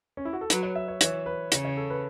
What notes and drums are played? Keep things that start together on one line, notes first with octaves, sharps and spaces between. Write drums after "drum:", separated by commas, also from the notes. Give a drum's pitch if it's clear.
C#4
E4
F#4
A4
F#3 B4, drum: hi-hat
C#5
E5
C#5
E3 C#5, drum: hi-hat
B4
C#3 C#5, drum: hi-hat
C#5
A4
B4